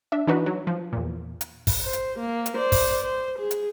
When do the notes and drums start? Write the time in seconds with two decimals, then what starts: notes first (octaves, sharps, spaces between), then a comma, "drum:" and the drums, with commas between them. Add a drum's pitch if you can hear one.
0.12 D4 E5
0.27 E3 D4 D#4 F#4 B4
0.46 F#3
0.67 F3
0.93 E2 A#2
1.41 drum: hi-hat
1.67 drum: kick, open hi-hat
1.83 C5
1.93 drum: hi-hat
2.19 A#3
2.46 drum: hi-hat
2.57 C5 D5
2.72 drum: kick, open hi-hat
3.04 C5
3.39 G#4
3.51 drum: hi-hat